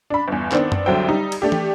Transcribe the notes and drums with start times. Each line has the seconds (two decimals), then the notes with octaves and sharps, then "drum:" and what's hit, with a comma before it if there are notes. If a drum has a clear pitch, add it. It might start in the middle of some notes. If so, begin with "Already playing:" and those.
0.10 D4 B5
0.28 G1 E2
0.52 D#3 B3 C4 D4, drum: clap
0.72 drum: tom F#2
0.86 C2 D3 F#3 C5 G5 E6
1.08 G3 D#4
1.32 drum: cymbal
1.42 A3 D4 G4
1.52 drum: tom